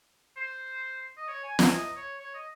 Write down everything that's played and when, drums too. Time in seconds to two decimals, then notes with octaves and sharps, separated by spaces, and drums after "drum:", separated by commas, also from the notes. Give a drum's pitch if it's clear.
0.37 C5
1.17 D#5
1.28 C#5
1.44 G#5
1.59 G#5, drum: snare
1.73 D#5
1.97 C#5
2.19 C#5
2.34 D#5